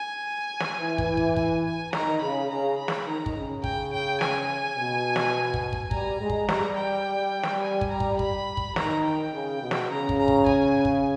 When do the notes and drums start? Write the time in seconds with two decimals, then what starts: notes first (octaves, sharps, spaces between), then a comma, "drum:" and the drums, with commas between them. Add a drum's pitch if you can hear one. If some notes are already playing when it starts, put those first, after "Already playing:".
Already playing: G#5
0.60 drum: snare
0.79 E3
0.98 drum: kick
1.17 drum: kick
1.36 G#5, drum: kick
1.65 G#5
1.93 D#3 A#5, drum: snare
2.22 C#3 B5
2.50 C#3 A#5
2.78 B5
2.88 drum: snare
3.07 D#3 A#5
3.26 drum: kick
3.36 C#3
3.64 G5, drum: kick
3.93 G5
4.21 G#5, drum: snare
4.78 B2
5.16 drum: snare
5.54 drum: kick
5.73 drum: kick
5.91 G3 A#5, drum: kick
6.20 G#3
6.30 drum: kick
6.49 G3 A#5, drum: snare
6.76 G5
7.43 drum: snare
7.62 G#5
7.81 drum: kick
7.91 A#5
8.00 drum: kick
8.19 B5, drum: kick
8.57 drum: kick
8.76 D#3 A#5, drum: snare
9.05 G5
9.34 C#3
9.62 B2
9.71 drum: snare
9.90 C#3 A#5
10.09 drum: kick
10.18 A#5
10.28 drum: kick
10.46 G#5, drum: kick
10.85 drum: kick